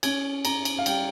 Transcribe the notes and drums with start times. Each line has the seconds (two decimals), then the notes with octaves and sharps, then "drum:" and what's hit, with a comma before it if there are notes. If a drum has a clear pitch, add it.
0.03 C#4 G#6, drum: cymbal
0.45 C#4 A#5, drum: cymbal
0.65 drum: cymbal
0.78 F5
0.86 G3 G5, drum: cymbal